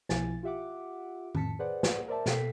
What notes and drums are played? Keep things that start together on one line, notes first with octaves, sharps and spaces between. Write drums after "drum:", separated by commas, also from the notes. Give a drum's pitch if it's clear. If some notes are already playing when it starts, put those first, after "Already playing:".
B1 B2 F3 E4 G#5 A6, drum: snare
F4 G4 E5 F#5 D6
F2 A2 A5 B6 C#7, drum: tom D#3
G#4 B4 C5 D5 F#5
drum: snare
A#4 C5 D5 E5 A5
B2 A4 G5 B6 C7, drum: snare